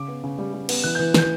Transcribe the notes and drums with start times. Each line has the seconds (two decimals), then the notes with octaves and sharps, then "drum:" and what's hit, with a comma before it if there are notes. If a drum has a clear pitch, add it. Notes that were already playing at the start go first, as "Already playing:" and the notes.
Already playing: C#3 D6
0.08 B3
0.24 C#3
0.39 G3
0.54 G3
0.69 B3, drum: cymbal
0.84 E3 F#6
0.95 G6
0.99 E3
1.14 E3 G6, drum: snare